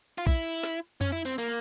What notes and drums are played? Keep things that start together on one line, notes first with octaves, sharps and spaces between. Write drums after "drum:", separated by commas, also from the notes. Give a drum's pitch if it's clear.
F4
E4, drum: kick, tambourine
drum: snare
C#4, drum: tom F2
E4
C4
A#3, drum: tambourine